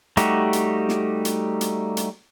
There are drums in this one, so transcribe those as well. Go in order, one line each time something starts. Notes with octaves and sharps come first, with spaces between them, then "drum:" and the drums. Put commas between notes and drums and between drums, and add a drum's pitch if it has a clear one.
G3 A3 D#4 F#4 G4, drum: hi-hat
drum: hi-hat
drum: snare
drum: hi-hat
drum: hi-hat
drum: hi-hat